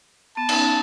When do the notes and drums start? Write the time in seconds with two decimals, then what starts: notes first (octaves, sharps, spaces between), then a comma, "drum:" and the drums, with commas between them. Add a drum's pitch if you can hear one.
0.37 B3 A5
0.49 D#4, drum: cymbal
0.53 C#4